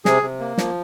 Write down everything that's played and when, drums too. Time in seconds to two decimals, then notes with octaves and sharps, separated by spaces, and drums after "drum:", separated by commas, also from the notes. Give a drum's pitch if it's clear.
0.05 C3 G#4, drum: snare
0.22 C3
0.40 A#3
0.58 F3, drum: snare